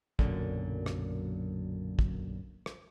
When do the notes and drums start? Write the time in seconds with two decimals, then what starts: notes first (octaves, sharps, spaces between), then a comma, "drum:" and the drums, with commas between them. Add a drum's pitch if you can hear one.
0.19 B1 F#2 A#2 D3, drum: kick
0.86 drum: rim click
1.99 drum: kick
2.66 drum: rim click